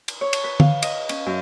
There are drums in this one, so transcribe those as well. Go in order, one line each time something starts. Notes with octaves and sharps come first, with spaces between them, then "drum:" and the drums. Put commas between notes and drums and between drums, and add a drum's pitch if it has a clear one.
drum: cymbal
C#5
drum: cymbal
B4
F5, drum: tom
D#5, drum: cymbal
C#4, drum: cymbal
F#2